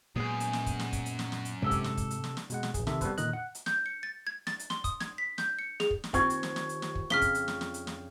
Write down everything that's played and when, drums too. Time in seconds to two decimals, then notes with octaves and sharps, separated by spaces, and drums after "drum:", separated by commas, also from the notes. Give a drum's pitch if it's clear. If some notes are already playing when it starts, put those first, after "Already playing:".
0.16 F#2 A#2 G#3 B3 G#4 G#5 G6
0.40 drum: hi-hat
0.53 drum: snare
0.66 drum: kick, hi-hat
0.79 drum: snare
0.93 drum: kick, hi-hat
1.06 drum: hi-hat
1.19 drum: snare
1.32 drum: snare
1.45 drum: hi-hat
1.62 G#2 C3 G4 A4 E6
1.71 drum: kick, hi-hat
1.84 drum: snare
1.97 drum: kick, hi-hat
2.11 drum: hi-hat
2.24 drum: snare
2.37 drum: snare
2.50 B2 G#3 F#5, drum: hi-hat
2.63 drum: snare
2.74 A#1 G#4, drum: kick, hi-hat
2.87 C3 D#3 A4 E5, drum: snare
3.01 G3 B3 C4 A4 B4 C5, drum: kick, hi-hat
3.18 A#2 D3 D#3 D#5 F#6, drum: hi-hat
3.33 F#5
3.55 drum: hi-hat
3.66 G6, drum: snare
3.86 C#7
4.03 A6
4.27 G#6
4.47 A6, drum: snare
4.59 drum: hi-hat
4.70 C6, drum: snare
4.84 D#6, drum: kick, hi-hat
5.00 G#6, drum: snare
5.18 B6
5.38 G6, drum: snare
5.59 C#7
5.80 G#4, drum: snare
5.91 drum: kick
6.04 drum: snare
6.14 D#2 C4 F4 C#6 G#6, drum: kick, hi-hat
6.30 drum: hi-hat
6.43 drum: snare
6.56 drum: snare
6.69 drum: hi-hat
6.82 drum: snare
6.95 drum: kick
7.10 F2 C#3 F6 B6 G7, drum: snare
7.22 drum: kick, hi-hat
7.35 drum: hi-hat
7.48 drum: snare
7.61 drum: snare
7.74 drum: hi-hat
7.87 drum: snare